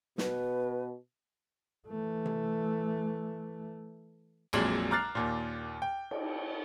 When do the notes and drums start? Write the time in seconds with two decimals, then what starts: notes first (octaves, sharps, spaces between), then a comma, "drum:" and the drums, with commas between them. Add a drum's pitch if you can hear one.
0.18 B2 B4, drum: snare
1.88 E3 A3
2.26 drum: tom C3
4.53 A#1 F2 A#2 F#3 G#3 F#7, drum: cymbal
4.91 A#5 D6 F6 F#6 A6 C7
5.15 D#2 A#2
5.82 G5
6.11 drum: cymbal